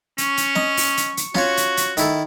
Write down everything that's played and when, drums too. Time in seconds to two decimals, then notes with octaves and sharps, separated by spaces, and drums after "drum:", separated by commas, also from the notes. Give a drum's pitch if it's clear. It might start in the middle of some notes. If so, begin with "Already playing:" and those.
0.18 C#4 C#6, drum: hi-hat
0.37 drum: hi-hat
0.56 D#5, drum: snare
0.77 drum: open hi-hat
0.97 drum: hi-hat
1.17 drum: hi-hat
1.35 C#4 F4 F#4 C#5, drum: snare
1.57 drum: hi-hat
1.77 drum: hi-hat
1.97 D#3 E4 A4, drum: hi-hat